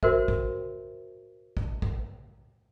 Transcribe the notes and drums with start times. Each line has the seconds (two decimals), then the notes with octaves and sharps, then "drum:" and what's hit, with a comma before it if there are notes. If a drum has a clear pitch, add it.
0.03 F#4 A#4 C5 E5, drum: kick
0.28 drum: kick
1.57 drum: kick
1.82 drum: kick